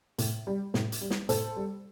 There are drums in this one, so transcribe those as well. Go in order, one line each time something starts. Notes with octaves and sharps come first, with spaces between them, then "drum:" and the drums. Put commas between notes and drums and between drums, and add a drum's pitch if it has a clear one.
A2, drum: hi-hat
G3
A2, drum: snare
drum: hi-hat
G3
drum: snare
A2 A4 C5, drum: hi-hat
G3